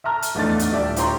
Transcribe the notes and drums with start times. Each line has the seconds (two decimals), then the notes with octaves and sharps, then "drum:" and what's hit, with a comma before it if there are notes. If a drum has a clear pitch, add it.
0.04 E5 A5 A#5 F6
0.22 drum: hi-hat
0.35 A1 E2 A3 D4 D#4 A6
0.59 drum: hi-hat
0.72 D#1 D4 G4 D5 E5
0.96 F4 G4 C5 C#5 A#5 C6, drum: hi-hat